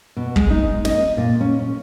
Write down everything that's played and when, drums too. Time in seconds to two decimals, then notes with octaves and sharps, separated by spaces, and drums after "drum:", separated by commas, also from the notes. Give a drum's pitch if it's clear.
0.17 B2
0.36 G#3, drum: kick
0.51 D#4
0.85 D#5, drum: snare
1.17 A#2
1.41 C#4
1.59 C#4